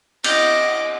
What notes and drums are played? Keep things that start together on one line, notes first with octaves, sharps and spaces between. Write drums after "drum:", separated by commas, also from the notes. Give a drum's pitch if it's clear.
D#5 D6, drum: cymbal